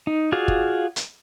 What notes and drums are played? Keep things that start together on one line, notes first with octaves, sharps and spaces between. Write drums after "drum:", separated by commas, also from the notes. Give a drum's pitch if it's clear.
D#4
F4 F#4 G#4 D5 F5
drum: kick
drum: hi-hat